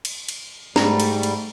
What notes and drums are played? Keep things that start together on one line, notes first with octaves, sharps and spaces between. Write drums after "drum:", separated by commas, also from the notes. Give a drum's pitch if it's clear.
drum: cymbal
drum: cymbal
G#2 G3 A3 A#5, drum: snare
drum: cymbal
drum: cymbal